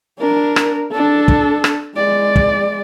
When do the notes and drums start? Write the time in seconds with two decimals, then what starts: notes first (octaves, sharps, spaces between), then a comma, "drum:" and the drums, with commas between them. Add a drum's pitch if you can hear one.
0.19 D4 A#4
0.56 drum: rim click
0.92 D4 A4
1.28 drum: kick
1.64 drum: rim click
1.96 G#3 D5
2.36 drum: kick